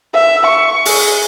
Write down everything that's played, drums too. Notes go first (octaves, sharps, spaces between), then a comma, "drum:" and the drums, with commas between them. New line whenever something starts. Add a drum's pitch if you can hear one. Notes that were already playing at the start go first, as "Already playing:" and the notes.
E5
C#6
G#4, drum: open hi-hat